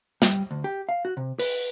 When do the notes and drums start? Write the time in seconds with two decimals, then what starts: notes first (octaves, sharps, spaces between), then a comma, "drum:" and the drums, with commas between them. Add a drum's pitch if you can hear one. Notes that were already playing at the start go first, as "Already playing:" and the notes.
0.22 G3, drum: snare
0.51 D2
0.64 G4
0.89 F5
1.05 F#4
1.17 C3
1.39 B4, drum: open hi-hat